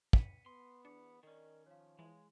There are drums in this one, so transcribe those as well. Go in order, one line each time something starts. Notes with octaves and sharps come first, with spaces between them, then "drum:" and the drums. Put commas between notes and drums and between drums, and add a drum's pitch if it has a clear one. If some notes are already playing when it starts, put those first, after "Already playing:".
B4 B6 C#7 D#7, drum: kick
B3 C6
E2 D4 C#7
D#3 C#4 A#4 D5 D#5
F3 C#5 F5
E3 G#3